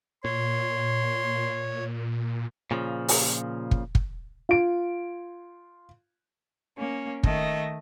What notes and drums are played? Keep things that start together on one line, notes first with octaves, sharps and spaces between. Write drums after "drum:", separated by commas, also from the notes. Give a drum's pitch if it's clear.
A#2 C#5 C6
A#2 C#3 F3
drum: open hi-hat
drum: kick
drum: kick
F4 D7
A#3 C#4
D#3 A3 D#5, drum: kick